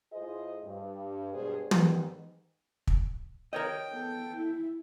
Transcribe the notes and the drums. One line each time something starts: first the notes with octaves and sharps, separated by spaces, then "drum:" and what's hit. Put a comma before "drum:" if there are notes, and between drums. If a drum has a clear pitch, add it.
A2 F4 G#4 C5 D#5
G2
G2 B2 G#3 G#4 C5 D5
G#2 D#3 G3 G#3 B3, drum: tom
drum: kick
A#4 C#5 D#5 G5
B3 A4
E4